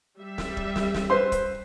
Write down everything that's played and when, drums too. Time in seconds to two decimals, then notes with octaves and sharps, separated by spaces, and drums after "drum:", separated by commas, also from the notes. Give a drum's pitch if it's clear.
0.19 G3 E5
0.38 drum: snare
0.57 drum: kick
0.76 drum: snare
0.94 drum: snare
1.10 B4 C5 C6
1.32 drum: kick, hi-hat